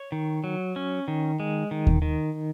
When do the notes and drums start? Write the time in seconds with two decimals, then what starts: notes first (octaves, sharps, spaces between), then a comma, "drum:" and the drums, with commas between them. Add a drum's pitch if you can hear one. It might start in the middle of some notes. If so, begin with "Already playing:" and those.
Already playing: C#5
0.12 D#3
0.44 F#3
0.76 C#4
1.08 D#3
1.40 G#3
1.71 D#3
1.87 drum: kick D#2
2.02 D#3